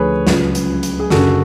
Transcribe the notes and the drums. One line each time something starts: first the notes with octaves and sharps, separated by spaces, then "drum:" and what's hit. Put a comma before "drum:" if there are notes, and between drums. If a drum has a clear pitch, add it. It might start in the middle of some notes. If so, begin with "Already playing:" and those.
Already playing: D2 D3 F3 A3 G#4 B4 C#5
C#2 C#3 F#3 C#4 F4, drum: snare
drum: hi-hat
drum: hi-hat
G#4
F#1 F#2 D3 F#4 A4, drum: snare